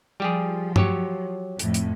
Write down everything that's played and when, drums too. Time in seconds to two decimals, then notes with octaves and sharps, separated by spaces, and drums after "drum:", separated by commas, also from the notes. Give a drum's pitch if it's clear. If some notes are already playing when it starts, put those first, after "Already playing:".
0.20 F3 G3 G4 G#4
0.76 F#3 G4 C#5, drum: tom G2
1.59 F2 A2, drum: hi-hat
1.74 drum: hi-hat